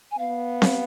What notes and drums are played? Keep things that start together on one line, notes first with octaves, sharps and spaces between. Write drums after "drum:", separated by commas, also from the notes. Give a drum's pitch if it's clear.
G#5
B3 F5
drum: snare C4